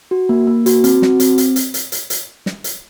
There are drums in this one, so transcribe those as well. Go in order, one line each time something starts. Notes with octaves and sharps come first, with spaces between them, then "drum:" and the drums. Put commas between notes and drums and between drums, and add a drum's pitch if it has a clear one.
F#4
A#3
A#3
F#4, drum: hi-hat
C4, drum: hi-hat
F#4, drum: snare
C4, drum: hi-hat
drum: hi-hat
drum: hi-hat
drum: hi-hat
drum: hi-hat
drum: hi-hat
drum: snare
drum: hi-hat